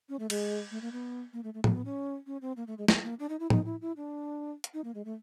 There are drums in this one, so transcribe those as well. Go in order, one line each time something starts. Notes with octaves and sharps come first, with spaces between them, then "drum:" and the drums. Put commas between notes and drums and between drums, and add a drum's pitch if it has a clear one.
C#4
A3
G#3, drum: cymbal
A3
A#3
B3
A#3
A3
A3
A3, drum: tom A2
B3
C#4
C#4
C4
A#3
A3
G#3
A3, drum: snare
A#3
D4
D#4
E4
D#4, drum: tom A2
E4
E4
D4
drum: hi-hat
D#4
A#3
G#3
A3